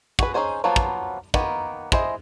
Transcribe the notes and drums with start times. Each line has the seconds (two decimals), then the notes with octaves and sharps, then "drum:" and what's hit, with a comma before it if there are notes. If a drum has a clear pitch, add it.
0.19 F#4 G#4 B4, drum: kick
0.34 C#4 D#4 F#4 G#4 C5
0.64 F3 F#3 A#3 B3 F4
0.76 drum: kick
1.34 D#3 A#3 B3, drum: kick
1.92 E4 G#4 C5 D#5, drum: kick